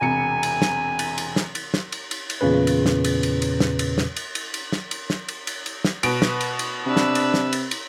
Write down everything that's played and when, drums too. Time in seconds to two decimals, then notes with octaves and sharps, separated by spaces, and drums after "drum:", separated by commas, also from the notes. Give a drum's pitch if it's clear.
0.01 E1 C3 G#5 C#7
0.43 drum: cymbal
0.62 drum: snare
0.99 drum: cymbal
1.18 drum: cymbal
1.36 drum: snare
1.55 drum: cymbal
1.74 drum: snare
1.92 drum: cymbal
2.11 drum: cymbal
2.30 drum: cymbal
2.41 E2 A#2 C#3 C#4 B4
2.67 drum: cymbal
2.86 drum: snare
3.04 drum: cymbal
3.23 drum: cymbal
3.42 drum: cymbal
3.60 drum: snare
3.79 drum: cymbal
3.98 drum: snare
4.16 drum: cymbal
4.35 drum: cymbal
4.54 drum: cymbal
4.72 drum: snare
4.91 drum: cymbal
5.10 drum: snare
5.29 drum: cymbal
5.47 drum: cymbal
5.66 drum: cymbal
5.85 drum: snare
6.03 B2 B4 D7, drum: cymbal
6.22 drum: snare
6.41 drum: cymbal
6.59 drum: cymbal
6.86 C3 D4 B4 E6
6.97 drum: snare
7.15 drum: cymbal
7.34 drum: snare
7.53 drum: cymbal
7.71 drum: cymbal